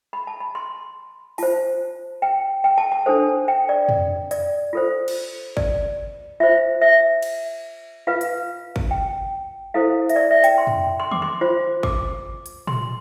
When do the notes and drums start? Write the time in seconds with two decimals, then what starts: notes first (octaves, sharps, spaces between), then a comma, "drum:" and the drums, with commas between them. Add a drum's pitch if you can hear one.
0.13 B5
0.27 A5
0.40 B5
0.55 C6
1.38 F4 C5 A5, drum: open hi-hat
2.22 G5
2.64 G5
2.78 A5
2.92 A5
3.06 D4 A4 C5
3.48 G5
3.69 D5
3.89 drum: tom F2
4.31 D5, drum: hi-hat
4.73 F4 A4 C5
5.08 drum: cymbal
5.57 D5, drum: kick
6.40 F4 C5 E5
6.81 E5
7.22 drum: cymbal
8.07 F4 B4 F5
8.21 drum: hi-hat
8.76 drum: kick
8.91 G5
9.74 E4 A4 C5 F5
10.09 E5, drum: hi-hat
10.16 D5
10.31 E5
10.44 G5, drum: hi-hat
10.58 C6
10.67 drum: tom F2
11.00 C6
11.11 D6, drum: tom D#3
11.22 C6
11.41 F4 C5
11.83 D6, drum: kick
12.46 drum: hi-hat
12.67 C6, drum: tom A#2